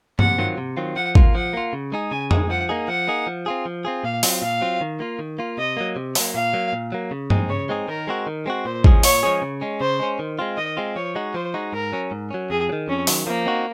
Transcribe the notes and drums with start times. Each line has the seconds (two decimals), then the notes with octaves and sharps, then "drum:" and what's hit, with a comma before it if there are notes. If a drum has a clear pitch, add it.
0.19 C3 F#5, drum: tom G2
0.38 D#3 F#3 C4 F4
0.58 C3
0.77 D#3 F#3 C4 F4
0.96 F3 F#5
1.15 A#3 F4, drum: kick G#1
1.35 F3 F#5
1.53 A#3 F4
1.73 C#3
1.92 G#3 D#4 G#4
2.11 C#3 G#5
2.31 G#3 D#4 G#4, drum: tom F2
2.50 F3 F#5
2.69 A#3 D#4 G#4
2.88 F3 F#5
3.08 A#3 D#4 G#4
3.27 F3
3.46 C4 F4 G#4
3.66 F3
3.85 C4 F4 G#4
4.04 A#2 F5
4.23 F#3 C4 F4, drum: open hi-hat
4.42 A#2 F5
4.61 F#3 C4 F4
4.81 D#3
5.00 A#3 F4
5.19 D#3
5.39 A#3 F4
5.58 C3 D#5
5.77 F#3 A#3
5.96 C3
6.15 F#3 A#3, drum: open hi-hat
6.34 A#2 F5
6.53 F#3 A#3
6.73 A#2
6.92 F#3 A#3
7.11 C#3
7.30 G#3 C4 D#4 G#4, drum: tom G2
7.49 C#3 C#5
7.69 G#3 C4 D#4 G#4
7.88 D#3 A#4
8.07 G#3 C4 F#4
8.27 D#3
8.46 G#3 C4 F#4
8.65 A#2 C5
8.84 F3 G#3 C#4 G#4, drum: kick G#1
9.03 A#2 C#5, drum: open hi-hat
9.23 F3 G#3 C#4 G#4
9.42 C#3
9.61 G#3 C#4
9.80 C#3 C5
10.00 G#3 C#4
10.19 D#3
10.39 G#3 C4 F4
10.57 D#3 D#5
10.77 G#3 C4 F4
10.96 F3 C#5
11.15 G#3 D#4 F#4
11.34 F3 C5
11.54 G#3 D#4 F#4
11.73 G#2 A#4
11.92 F#3 C#4
12.11 G#2
12.31 F#3 C#4
12.50 F2 G#4
12.69 F#3
12.73 D#3
12.88 F2 C#4
13.07 D#3 F#3, drum: open hi-hat
13.26 F3 A#3
13.46 C4 D#4 F#4